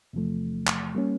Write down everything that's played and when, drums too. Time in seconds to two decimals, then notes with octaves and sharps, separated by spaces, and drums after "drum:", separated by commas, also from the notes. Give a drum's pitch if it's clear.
0.13 E2 C3 F3 A3
0.67 drum: clap
0.95 G3 A#3 C#4